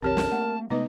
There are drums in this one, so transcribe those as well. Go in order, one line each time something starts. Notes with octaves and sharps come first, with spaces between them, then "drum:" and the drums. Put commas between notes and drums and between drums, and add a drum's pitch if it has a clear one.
B1 F2 D#3 C4 G4 A#4 C#5 A5
drum: snare
A3 A#3 F#5
C3 G#3 A3 B3 D#4 B4 D#5